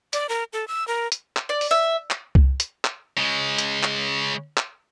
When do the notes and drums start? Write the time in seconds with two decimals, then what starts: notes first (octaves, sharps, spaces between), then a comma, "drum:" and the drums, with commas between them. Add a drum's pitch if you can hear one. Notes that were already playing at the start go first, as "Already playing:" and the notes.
0.13 D5, drum: hi-hat
0.29 A#4
0.53 A4
0.68 E6
0.88 A#4
1.12 drum: hi-hat
1.36 drum: clap
1.49 D5
1.61 drum: open hi-hat
1.71 E5
2.10 drum: clap
2.35 drum: kick C2
2.60 drum: hi-hat
2.84 drum: clap
3.18 C#3 G#3
3.59 drum: hi-hat
3.83 drum: clap
4.57 drum: clap